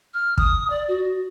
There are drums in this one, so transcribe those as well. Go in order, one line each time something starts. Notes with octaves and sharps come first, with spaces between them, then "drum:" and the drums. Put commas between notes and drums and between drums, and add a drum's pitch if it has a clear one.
F6
D#6, drum: kick
D5
F#4